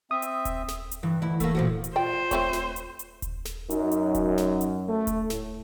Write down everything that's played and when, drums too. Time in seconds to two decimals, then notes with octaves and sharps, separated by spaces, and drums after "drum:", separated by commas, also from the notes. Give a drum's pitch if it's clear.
0.11 C4 E5 D#6
0.22 drum: hi-hat
0.45 drum: kick D#1, hi-hat
0.68 drum: snare
0.91 drum: hi-hat
1.03 G2 E3
1.22 D2 E4
1.40 A3 A#3, drum: kick D#1, hi-hat
1.55 A#2 F3 F#4
1.84 drum: hi-hat
1.96 F4 C5 D5 G5
2.31 A3 C4 C#5, drum: kick D#1, hi-hat
2.53 drum: snare
2.76 drum: hi-hat
2.99 drum: hi-hat
3.22 drum: kick D#1, hi-hat
3.45 drum: snare
3.70 F#2 D#4, drum: hi-hat
3.92 drum: hi-hat
4.15 drum: kick D#1, hi-hat
4.38 drum: snare
4.61 drum: hi-hat
4.89 A3
5.07 drum: kick D#1, hi-hat
5.30 A2, drum: snare